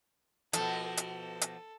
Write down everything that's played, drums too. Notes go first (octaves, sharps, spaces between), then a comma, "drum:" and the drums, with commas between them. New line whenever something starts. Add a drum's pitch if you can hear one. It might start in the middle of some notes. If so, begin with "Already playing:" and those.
B2 F3 A4, drum: hi-hat
A4
drum: hi-hat
drum: hi-hat